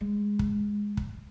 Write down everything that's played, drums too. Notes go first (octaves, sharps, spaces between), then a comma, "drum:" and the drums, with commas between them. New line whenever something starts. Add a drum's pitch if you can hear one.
G#3
drum: kick
drum: kick